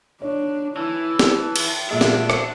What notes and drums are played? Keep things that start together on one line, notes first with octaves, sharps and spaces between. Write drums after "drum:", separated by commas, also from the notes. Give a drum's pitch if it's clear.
D4 C#5
E3 E4 A5
drum: snare
drum: cymbal
A#2 G#3 D4 F#4 E5
drum: snare
drum: rim click